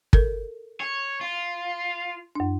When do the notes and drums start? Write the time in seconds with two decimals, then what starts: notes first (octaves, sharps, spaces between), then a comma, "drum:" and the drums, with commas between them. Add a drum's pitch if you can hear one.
0.13 A4 A#4, drum: kick
0.80 C#5
1.21 F4
2.35 F#2 D4